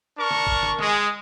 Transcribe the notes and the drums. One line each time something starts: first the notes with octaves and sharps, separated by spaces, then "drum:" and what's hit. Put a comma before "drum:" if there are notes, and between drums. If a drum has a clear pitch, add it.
D4 A#4 C#6
drum: snare
drum: kick
drum: snare
G#3, drum: snare